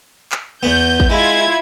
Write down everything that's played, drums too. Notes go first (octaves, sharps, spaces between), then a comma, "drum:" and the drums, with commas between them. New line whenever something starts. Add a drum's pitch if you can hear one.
drum: clap
E2 B3 G6
drum: kick
G#3 E4 F4 G#6